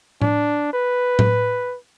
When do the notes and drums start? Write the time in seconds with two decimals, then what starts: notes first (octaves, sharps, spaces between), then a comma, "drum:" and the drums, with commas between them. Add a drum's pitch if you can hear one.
0.22 D4, drum: tom A2
0.73 B4
1.19 drum: tom A2